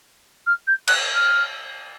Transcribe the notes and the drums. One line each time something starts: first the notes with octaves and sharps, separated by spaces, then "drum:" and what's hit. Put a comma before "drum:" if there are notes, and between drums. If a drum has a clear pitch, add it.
F6
G6
F#6, drum: cymbal
F6